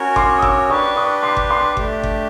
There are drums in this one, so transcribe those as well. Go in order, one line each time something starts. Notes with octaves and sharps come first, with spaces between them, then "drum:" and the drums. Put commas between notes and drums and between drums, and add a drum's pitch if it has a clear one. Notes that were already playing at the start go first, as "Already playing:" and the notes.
Already playing: C#4 F#4 A#4 C#5
C6 D6, drum: kick G1
D#6
D6 E6, drum: kick G1
D4 G4 B4 C#6 D#6
C#6 D#6
C6 D6
drum: kick G1
C6 D6
A3 D4 G4, drum: kick G1
drum: kick G1